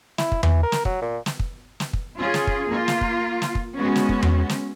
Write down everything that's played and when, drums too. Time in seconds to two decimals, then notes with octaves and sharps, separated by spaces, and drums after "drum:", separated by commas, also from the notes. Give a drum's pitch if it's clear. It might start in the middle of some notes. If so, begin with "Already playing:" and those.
0.18 E4, drum: snare
0.32 drum: kick
0.43 E3, drum: tom E2
0.63 A#4
0.72 drum: snare
0.85 F#3, drum: kick
1.01 A#2
1.26 drum: snare
1.39 drum: kick
1.80 drum: snare
1.93 drum: kick
2.19 C#4 F4 G#4
2.34 drum: snare
2.47 drum: kick
2.69 A#3 F4
2.88 drum: snare
3.01 drum: kick
3.42 drum: snare
3.55 drum: kick
3.77 G#3 B3 C#4 F#4
3.96 drum: snare
4.09 drum: kick
4.22 drum: tom E2
4.49 drum: snare